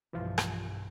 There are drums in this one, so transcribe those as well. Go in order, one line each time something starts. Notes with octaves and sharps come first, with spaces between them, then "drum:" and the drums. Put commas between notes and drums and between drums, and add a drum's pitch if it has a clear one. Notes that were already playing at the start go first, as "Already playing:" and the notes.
B1 G2 E3 F3 F4
drum: rim click